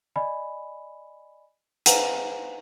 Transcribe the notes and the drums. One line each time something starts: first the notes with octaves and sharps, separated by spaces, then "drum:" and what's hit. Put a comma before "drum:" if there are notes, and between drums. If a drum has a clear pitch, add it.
D5 D#5 G#5 B5
B4 C5 F5 F#5 G#5 A#5, drum: hi-hat